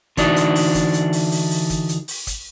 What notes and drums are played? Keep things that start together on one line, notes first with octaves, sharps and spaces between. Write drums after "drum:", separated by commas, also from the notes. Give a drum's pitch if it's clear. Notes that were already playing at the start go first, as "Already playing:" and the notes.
D3 E3 D4 D#4 F#4, drum: kick, hi-hat
drum: hi-hat
drum: open hi-hat
drum: kick, hi-hat
drum: hi-hat
drum: open hi-hat
drum: open hi-hat
drum: open hi-hat
drum: kick, hi-hat
drum: hi-hat
drum: open hi-hat
drum: kick, hi-hat